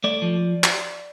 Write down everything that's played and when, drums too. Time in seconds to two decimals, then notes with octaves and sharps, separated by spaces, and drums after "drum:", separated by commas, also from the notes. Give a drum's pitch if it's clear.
0.04 A3 D5
0.22 F3
0.64 drum: clap